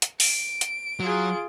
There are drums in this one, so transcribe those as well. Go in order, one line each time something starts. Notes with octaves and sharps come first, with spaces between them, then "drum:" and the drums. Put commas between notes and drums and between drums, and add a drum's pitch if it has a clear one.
drum: hi-hat
D7, drum: open hi-hat
drum: hi-hat
F#3 F4 G#4